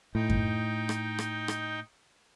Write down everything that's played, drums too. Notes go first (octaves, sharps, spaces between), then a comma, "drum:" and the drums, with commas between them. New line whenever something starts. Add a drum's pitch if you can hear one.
A2 D#4 G5
drum: kick F#2
drum: rim click
drum: rim click
drum: rim click